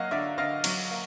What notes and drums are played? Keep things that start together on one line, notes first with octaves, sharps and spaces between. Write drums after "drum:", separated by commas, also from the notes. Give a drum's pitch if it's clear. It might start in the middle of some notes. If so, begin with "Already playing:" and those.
Already playing: F#3 A#3 D#5 F5 F#5
D3 D5 E5
D3 D#5 F5
F#3, drum: cymbal
A#3